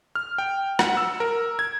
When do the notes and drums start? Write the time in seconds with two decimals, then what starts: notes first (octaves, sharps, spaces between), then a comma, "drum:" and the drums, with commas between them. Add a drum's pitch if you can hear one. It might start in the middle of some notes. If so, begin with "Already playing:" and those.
0.15 F6
0.38 G5
0.79 F#5, drum: rim click
0.97 E6
1.20 A#4
1.59 G#6